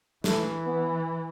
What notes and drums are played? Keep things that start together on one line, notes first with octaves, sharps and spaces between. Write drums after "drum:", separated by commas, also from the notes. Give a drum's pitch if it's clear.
E3 A3, drum: snare
B3